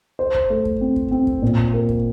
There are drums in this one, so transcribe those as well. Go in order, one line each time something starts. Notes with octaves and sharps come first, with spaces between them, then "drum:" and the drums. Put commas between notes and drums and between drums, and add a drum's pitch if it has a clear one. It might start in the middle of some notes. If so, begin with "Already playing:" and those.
C5
drum: kick
A3
drum: kick
C4
drum: kick
C4
drum: kick
A#2
drum: kick
A#3
drum: kick